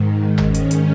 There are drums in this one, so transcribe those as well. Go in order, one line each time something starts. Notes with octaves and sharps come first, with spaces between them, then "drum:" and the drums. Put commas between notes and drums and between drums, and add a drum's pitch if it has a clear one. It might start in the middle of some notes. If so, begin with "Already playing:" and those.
Already playing: G#2 D#3
C#4, drum: tom G1
drum: hi-hat
drum: hi-hat